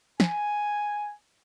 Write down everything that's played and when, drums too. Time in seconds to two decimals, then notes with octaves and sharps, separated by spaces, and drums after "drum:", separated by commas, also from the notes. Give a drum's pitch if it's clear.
0.20 G#5, drum: snare